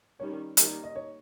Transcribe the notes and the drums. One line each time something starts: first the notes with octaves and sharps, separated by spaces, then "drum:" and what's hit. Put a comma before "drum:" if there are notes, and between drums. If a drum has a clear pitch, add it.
D#3 G3 C#4 C#5
D#3 G3 A#3, drum: hi-hat
D#5
C#5